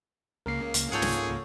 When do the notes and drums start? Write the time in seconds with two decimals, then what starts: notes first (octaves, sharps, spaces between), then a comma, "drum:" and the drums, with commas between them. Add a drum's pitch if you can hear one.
0.46 C#2 C#3 A#3 A#4 C7
0.74 drum: hi-hat
0.92 G#2 F4 G#4 A4 C#5 F#5 G6
1.02 drum: snare